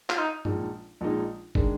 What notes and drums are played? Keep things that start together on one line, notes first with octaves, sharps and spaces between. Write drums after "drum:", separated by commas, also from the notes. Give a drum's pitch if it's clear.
F4, drum: clap
D#4
A#1 A#2 G#3 D#4, drum: tom G2
A#1 A#2 G#3 D#4
D#3 G#3 D4, drum: kick